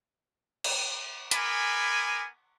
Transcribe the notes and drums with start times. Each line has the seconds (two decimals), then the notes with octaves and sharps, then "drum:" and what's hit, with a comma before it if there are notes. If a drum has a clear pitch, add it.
0.64 drum: cymbal
1.31 B3 G#4 A#4 G#5 B5 D6, drum: hi-hat